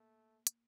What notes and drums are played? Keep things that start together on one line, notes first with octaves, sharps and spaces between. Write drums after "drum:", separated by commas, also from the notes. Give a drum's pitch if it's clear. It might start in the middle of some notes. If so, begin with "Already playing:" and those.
Already playing: A3 A#3
drum: hi-hat